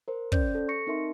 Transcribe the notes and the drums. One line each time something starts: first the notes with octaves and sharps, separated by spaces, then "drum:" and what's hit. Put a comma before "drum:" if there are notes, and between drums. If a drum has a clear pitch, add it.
A#4 C5
C#4 C5 D5 G6, drum: kick
A4
C#6 A#6 C#7
C4 D#4 A#4 E5 C6